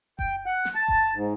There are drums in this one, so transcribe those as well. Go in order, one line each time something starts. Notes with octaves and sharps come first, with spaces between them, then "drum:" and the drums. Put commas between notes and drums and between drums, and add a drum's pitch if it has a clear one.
G5, drum: kick F#1
F#5
drum: snare
A5
drum: kick F#1
G#2